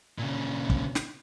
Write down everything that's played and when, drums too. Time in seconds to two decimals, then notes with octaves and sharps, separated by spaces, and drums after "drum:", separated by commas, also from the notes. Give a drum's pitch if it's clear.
0.18 A#2 C#3
0.70 drum: kick
0.95 drum: snare